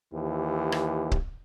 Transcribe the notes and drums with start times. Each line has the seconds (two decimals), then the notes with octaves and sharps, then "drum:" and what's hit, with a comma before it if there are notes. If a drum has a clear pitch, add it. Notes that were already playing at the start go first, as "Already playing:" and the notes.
0.13 D#2 E3 G4
0.72 drum: rim click
1.12 drum: kick C#1